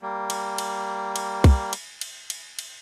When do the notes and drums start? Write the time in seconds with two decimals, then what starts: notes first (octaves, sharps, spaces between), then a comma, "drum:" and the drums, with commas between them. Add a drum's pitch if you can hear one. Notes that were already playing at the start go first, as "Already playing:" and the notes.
0.01 G3 A#3
0.30 drum: cymbal
0.58 drum: cymbal
1.16 drum: cymbal
1.44 drum: kick, cymbal
1.73 drum: cymbal
2.01 drum: cymbal
2.30 drum: cymbal
2.59 drum: cymbal